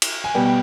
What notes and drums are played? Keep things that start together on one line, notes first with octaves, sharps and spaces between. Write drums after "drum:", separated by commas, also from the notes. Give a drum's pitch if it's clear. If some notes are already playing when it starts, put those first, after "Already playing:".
drum: cymbal
G#5
B2 G3 B3 G5
G5